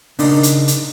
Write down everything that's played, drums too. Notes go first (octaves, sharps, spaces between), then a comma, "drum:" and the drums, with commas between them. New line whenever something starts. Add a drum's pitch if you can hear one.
C#3 D4 D#4 A#4, drum: open hi-hat
drum: hi-hat
drum: hi-hat